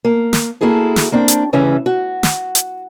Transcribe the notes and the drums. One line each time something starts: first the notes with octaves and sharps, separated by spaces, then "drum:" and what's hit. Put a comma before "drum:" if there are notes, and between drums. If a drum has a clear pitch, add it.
A#3
drum: snare
A#3 E4 F#4 G#4 A4
drum: snare
A#3 C4 D4 G5
drum: hi-hat
D2 G2 C#3 E3 C#4 E5
F#4
drum: snare
drum: hi-hat